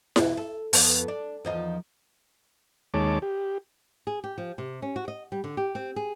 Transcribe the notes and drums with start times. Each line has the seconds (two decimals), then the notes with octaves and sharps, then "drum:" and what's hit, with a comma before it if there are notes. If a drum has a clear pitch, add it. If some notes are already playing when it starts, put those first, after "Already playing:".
0.16 E2 B2 E3, drum: snare E4
0.37 A4
0.73 F2 B3 A4, drum: open hi-hat
1.08 D4
1.45 E2 F3 D#4
2.94 D#2 G#3 C#5 A5 D6
3.22 G4
4.07 G#4
4.24 G4
4.38 F3
4.58 C3
4.82 C#4
4.96 F#4
5.08 D#5
5.32 G3
5.44 D3
5.57 G4
5.75 C4
5.96 G#4